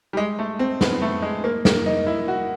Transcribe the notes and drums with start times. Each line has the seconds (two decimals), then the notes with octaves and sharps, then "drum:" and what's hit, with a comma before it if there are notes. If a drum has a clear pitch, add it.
0.13 G3
0.17 G#3
0.39 A3
0.59 C4
0.81 B3, drum: snare
1.02 A3
1.22 G#3
1.44 A#3
1.65 A#3, drum: snare
1.86 D#4
2.07 E4
2.28 F#4